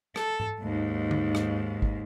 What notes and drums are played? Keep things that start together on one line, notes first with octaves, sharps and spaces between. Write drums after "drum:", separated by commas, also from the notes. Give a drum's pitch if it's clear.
A4, drum: rim click
drum: tom
D#2 G#2
drum: tom D3
drum: rim click
drum: kick G#1